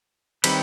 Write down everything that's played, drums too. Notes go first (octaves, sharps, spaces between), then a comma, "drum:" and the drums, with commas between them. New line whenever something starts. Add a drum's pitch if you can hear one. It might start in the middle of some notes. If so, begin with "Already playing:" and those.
D#3 G3 C4 G4 B4, drum: cymbal